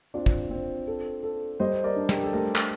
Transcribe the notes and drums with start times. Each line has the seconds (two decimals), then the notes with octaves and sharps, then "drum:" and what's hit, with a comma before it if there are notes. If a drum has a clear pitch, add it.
0.14 C4 D4 F4
0.26 drum: kick
0.50 C4
0.87 A4
1.23 A4
1.60 G3 C5 D#5
1.84 A#4 D5
1.96 D4
2.09 G4 A#4, drum: snare
2.24 A4
2.33 A3 G4 A#4
2.55 drum: clap